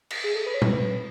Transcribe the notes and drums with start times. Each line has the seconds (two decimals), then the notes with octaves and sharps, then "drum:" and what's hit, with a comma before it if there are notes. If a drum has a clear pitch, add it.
0.10 drum: cymbal
0.24 G#4
0.35 A4
0.46 B4
0.54 C#5
0.62 B4, drum: tom A#2